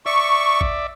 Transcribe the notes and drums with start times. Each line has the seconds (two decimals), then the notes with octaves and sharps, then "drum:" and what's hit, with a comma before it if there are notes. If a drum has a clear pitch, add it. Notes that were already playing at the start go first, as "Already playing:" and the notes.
0.06 D5 E5 C#6
0.61 drum: kick A1